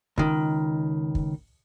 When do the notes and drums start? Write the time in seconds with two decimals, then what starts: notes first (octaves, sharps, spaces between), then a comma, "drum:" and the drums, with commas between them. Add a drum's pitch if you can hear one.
0.18 C#2 D#3, drum: kick
1.15 drum: kick